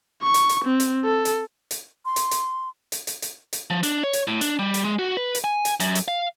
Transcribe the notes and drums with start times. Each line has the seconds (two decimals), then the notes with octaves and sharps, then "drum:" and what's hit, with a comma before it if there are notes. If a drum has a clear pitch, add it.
0.23 C#6
0.34 drum: hi-hat
0.49 drum: hi-hat
0.64 C4
0.80 drum: hi-hat
1.05 A4
1.25 drum: hi-hat
1.71 drum: hi-hat
2.05 C6
2.16 drum: hi-hat
2.31 drum: hi-hat
2.92 drum: hi-hat
3.07 drum: hi-hat
3.22 drum: hi-hat
3.53 drum: hi-hat
3.70 F3
3.83 D4, drum: hi-hat
4.04 C#5
4.13 drum: hi-hat
4.27 A2
4.41 D4, drum: hi-hat
4.59 G3
4.74 drum: hi-hat
4.85 G#3
4.99 F#4
5.17 B4
5.35 drum: hi-hat
5.44 G#5
5.65 drum: hi-hat
5.80 F#2, drum: hi-hat
5.95 drum: hi-hat
6.08 F5